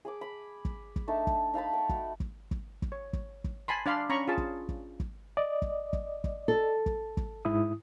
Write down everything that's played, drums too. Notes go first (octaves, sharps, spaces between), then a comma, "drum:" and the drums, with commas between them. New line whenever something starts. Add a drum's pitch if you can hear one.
G#4 B5 D6
B5
drum: kick
drum: kick
A3 D4 D#4 A5
drum: kick
D#4 F5 A5 B5
G5 C#6
F#4, drum: kick
drum: kick
drum: kick
drum: kick
C#5
drum: kick
drum: kick
G#5 A5 B5 C6
D4 D5 F5 B5 C6
C#4 A#5 B5 C#6
F4 G#4 A5
drum: kick
drum: kick
drum: kick
D5 D#5
drum: kick
drum: kick
drum: kick
A4
drum: kick
drum: kick
G#2 E4 D#6